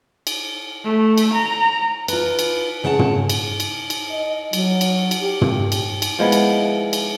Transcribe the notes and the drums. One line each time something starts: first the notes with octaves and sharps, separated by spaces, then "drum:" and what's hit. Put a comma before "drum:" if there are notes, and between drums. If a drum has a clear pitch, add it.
drum: cymbal
A3
drum: cymbal
A#5
F4 B4, drum: cymbal
drum: cymbal
C#3 C#5 F#5 A5
drum: tom
drum: cymbal
drum: cymbal
drum: cymbal
D#5
F#3, drum: cymbal
drum: cymbal
drum: cymbal
G4
drum: tom
drum: cymbal
drum: cymbal
F3 G#3 B3 E4
drum: cymbal
drum: cymbal